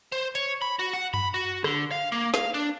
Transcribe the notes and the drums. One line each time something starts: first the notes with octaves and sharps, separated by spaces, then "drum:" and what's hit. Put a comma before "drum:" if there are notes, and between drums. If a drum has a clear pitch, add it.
C5
C#5, drum: hi-hat
B5
F#4
F#5
B5, drum: tom F#2
F#4
D3, drum: rim click
F5
A#3
F5, drum: snare
D4